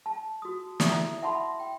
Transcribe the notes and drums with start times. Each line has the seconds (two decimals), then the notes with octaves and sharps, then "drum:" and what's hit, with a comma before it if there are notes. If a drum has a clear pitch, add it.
0.06 A5
0.42 F#4 D#6
0.80 E4 D5 E5 D6 D#6, drum: snare
1.22 E5 F#5 A5 B5 C6
1.60 G5